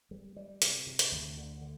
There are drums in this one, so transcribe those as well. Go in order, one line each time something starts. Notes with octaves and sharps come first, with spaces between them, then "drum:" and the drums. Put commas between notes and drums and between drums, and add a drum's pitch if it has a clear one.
G3
G3
C3, drum: hi-hat
C3
drum: hi-hat
D2
D3
D3